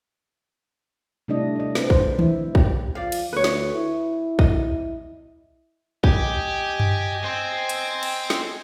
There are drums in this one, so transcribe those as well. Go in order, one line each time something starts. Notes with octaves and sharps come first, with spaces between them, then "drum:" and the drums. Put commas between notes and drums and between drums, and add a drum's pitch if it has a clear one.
C3 G3 A3 D4 E4 D#5
D4 D#5
C4 B4, drum: snare
C5, drum: kick
E4, drum: tom D#3
G4, drum: kick
F3 D5 F5
drum: cymbal
D2 B4 C#5
drum: snare
E4
D#5, drum: kick
G4 D#5 G#5, drum: kick
drum: tom G2
C4
drum: hi-hat
drum: cymbal
drum: snare